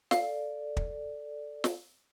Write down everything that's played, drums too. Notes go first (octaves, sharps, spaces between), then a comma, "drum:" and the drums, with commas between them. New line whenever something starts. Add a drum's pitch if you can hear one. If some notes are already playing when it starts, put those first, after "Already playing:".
A4 D5 F5, drum: snare
drum: kick
drum: snare